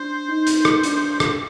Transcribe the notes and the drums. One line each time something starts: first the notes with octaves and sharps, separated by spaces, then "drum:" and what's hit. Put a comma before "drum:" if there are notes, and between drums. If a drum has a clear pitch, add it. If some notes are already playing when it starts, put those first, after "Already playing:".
Already playing: D4 C5
D#4
drum: hi-hat
drum: rim click
D4, drum: hi-hat
drum: rim click